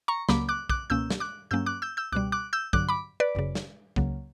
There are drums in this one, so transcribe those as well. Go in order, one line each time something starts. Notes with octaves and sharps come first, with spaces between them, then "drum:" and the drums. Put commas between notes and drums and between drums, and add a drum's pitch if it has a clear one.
A#5 C#6
C#2 C#3 F#3 A#3 B5 D6, drum: snare
D6 F#6
D6 F#6, drum: kick
C#2 B2 A#3 C#4 E6 G6
drum: snare
D6 F#6
G2 F#3 A#3 C#4 E6 G6
D6 F#6
E6 G6
E6 G6
C#2 B2 G3 D6 F#6
D6 F#6
E6 G6
G2 D3 F#3 D6 F#6, drum: kick
B5 D6
B4 D5
G1 F#2 C#3
drum: snare
C#2 C#3 F#3 A#3, drum: kick